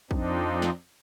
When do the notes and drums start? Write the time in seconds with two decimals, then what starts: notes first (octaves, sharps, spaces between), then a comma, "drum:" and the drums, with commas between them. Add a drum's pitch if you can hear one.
0.11 F2 F3 C4 D4 D#4, drum: kick
0.62 drum: snare